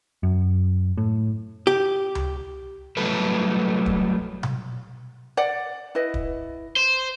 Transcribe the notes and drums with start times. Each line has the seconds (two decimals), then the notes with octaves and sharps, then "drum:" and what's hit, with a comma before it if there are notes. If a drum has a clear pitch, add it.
0.23 F#2
0.97 A2
1.67 G4
2.15 drum: tom C#2
2.97 F#3 G3 A3 A4 B4
3.86 drum: kick
4.43 drum: tom B2
5.37 D5 F#5
5.95 E4 B4 D#5
6.14 drum: kick
6.76 C5